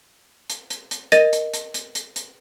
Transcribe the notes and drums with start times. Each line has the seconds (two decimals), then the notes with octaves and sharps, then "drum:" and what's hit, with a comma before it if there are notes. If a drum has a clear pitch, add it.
0.50 drum: hi-hat
0.70 drum: hi-hat
0.91 drum: hi-hat
1.12 A#4 D#5 A6 A#6 D#7, drum: hi-hat
1.33 drum: hi-hat
1.54 drum: hi-hat
1.74 drum: hi-hat
1.95 drum: hi-hat
2.16 drum: hi-hat